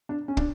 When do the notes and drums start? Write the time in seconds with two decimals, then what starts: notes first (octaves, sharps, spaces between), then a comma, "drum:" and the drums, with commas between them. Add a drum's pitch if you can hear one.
0.09 D4
0.28 C#4
0.37 D4, drum: kick